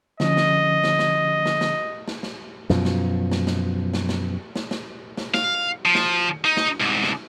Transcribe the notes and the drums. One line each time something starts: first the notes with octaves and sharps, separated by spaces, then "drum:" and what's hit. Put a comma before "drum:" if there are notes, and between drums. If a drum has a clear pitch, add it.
D3 F3 C#4 D#5, drum: snare
drum: snare
drum: snare
drum: snare
drum: snare
drum: snare
drum: snare
drum: snare
F#2 B2 F3, drum: snare
drum: snare
drum: snare
drum: snare
drum: snare
drum: snare
drum: snare
drum: snare
drum: snare
F5, drum: snare
F3
drum: snare
D#4
drum: snare
C2 G#2
drum: snare